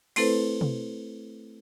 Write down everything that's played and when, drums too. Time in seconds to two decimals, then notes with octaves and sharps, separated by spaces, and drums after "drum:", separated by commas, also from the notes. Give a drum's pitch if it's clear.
0.16 A3 C4 E4 A4 B4 C5, drum: cymbal
0.61 drum: tom